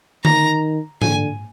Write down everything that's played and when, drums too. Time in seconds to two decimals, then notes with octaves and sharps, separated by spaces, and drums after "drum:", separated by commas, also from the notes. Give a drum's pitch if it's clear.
0.25 D#3 A#5, drum: tom D3
1.02 D3 G#5, drum: tom G#2